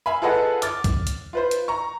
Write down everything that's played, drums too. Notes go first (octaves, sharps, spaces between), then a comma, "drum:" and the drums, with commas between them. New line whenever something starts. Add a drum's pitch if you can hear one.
E5 F5 G#5 B5
F4 G#4 A4 B4 D#5 F#5
D6 F6 A6, drum: hi-hat
drum: kick C2, hi-hat
drum: hi-hat
F4 B4 C5
drum: hi-hat
A#5 C#6